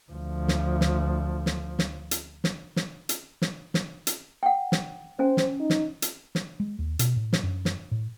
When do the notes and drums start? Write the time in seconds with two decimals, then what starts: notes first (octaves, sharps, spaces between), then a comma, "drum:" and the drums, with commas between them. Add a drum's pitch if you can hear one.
0.12 D2 F3
0.48 drum: snare
0.81 drum: snare
1.46 drum: snare
1.79 drum: snare
2.11 drum: hi-hat
2.44 drum: snare
2.76 drum: snare
3.09 drum: hi-hat
3.42 drum: snare
3.74 drum: snare
4.07 drum: hi-hat
4.43 F#5 G5
4.72 drum: snare
5.19 C#4 C5 G#5
5.37 drum: snare
5.60 D#4
5.70 drum: snare
6.02 drum: hi-hat
6.35 drum: snare
6.60 G#3
6.79 D#2
6.99 B2, drum: hi-hat
7.16 A2
7.33 drum: snare
7.43 F#2
7.65 drum: snare
7.91 A2